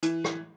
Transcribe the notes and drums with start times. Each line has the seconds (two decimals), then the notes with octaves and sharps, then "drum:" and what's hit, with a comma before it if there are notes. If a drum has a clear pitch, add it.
0.03 E3, drum: hi-hat
0.24 drum: rim click